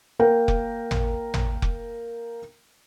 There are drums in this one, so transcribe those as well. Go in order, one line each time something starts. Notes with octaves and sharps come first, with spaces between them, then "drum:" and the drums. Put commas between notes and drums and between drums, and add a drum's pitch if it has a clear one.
A#3 A#4 G5
drum: kick F1
drum: tom
drum: tom
drum: kick F1